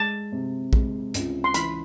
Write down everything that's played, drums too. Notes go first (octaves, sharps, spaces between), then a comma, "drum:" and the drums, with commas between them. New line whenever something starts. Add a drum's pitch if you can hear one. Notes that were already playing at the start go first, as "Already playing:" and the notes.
Already playing: G#3 A5
C3
G#3, drum: kick
C#2, drum: hi-hat
C6
E3 B5, drum: hi-hat